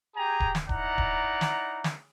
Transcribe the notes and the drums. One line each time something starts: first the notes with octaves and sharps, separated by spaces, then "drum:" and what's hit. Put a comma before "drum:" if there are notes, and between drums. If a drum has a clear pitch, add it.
G4 G#4 G5 G#5 A#5
drum: kick D1
drum: snare
D#4 E4 D5 F#5 A#5, drum: kick D1
drum: kick D1
drum: snare
drum: snare